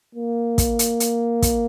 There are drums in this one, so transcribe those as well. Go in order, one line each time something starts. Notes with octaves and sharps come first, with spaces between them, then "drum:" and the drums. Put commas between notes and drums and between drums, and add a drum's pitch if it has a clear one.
A#3
drum: kick, hi-hat
drum: hi-hat
drum: hi-hat
drum: kick, hi-hat